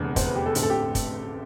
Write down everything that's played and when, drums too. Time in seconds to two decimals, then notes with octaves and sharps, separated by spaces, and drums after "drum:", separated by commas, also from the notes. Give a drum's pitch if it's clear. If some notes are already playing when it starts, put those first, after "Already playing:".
Already playing: F1 E2 D3
0.16 C5, drum: kick, hi-hat
0.26 B4
0.35 G4
0.46 A4
0.55 A1 G2 D3 A3 C4 G4, drum: hi-hat
0.62 A4
0.70 G4
0.95 drum: kick, hi-hat